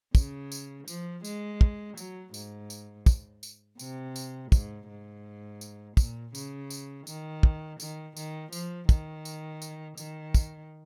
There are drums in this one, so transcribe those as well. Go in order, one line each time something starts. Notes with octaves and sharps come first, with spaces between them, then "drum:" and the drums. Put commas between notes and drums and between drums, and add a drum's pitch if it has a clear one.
C#3, drum: kick, tambourine
drum: tambourine
F3, drum: tambourine
G#3, drum: tambourine
drum: kick
F#3, drum: tambourine
G#2, drum: tambourine
drum: tambourine
drum: kick, tambourine
drum: tambourine
C3, drum: tambourine
drum: tambourine
G#2, drum: kick, tambourine
G#2
drum: tambourine
A#2, drum: kick, tambourine
C#3, drum: tambourine
drum: tambourine
D#3, drum: tambourine
drum: kick
D#3, drum: tambourine
D#3, drum: tambourine
F3, drum: tambourine
D#3, drum: kick, tambourine
drum: tambourine
drum: tambourine
D#3, drum: tambourine
drum: kick, tambourine